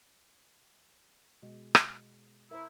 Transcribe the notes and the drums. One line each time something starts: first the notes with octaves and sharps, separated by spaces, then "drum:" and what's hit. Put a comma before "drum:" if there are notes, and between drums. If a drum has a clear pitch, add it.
B2 G#3
drum: rim click
E4 A#4 C5